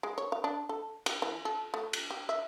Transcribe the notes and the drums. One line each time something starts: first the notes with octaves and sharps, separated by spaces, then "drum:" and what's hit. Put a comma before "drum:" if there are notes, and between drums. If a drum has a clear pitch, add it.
G#3
C#5
F5
D4
A4
G4, drum: cymbal
E3
A4
A3
drum: cymbal
G4
E5